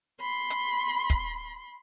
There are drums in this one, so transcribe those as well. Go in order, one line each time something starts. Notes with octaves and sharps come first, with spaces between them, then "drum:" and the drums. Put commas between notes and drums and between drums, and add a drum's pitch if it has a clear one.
B5 C6
drum: hi-hat
drum: kick, hi-hat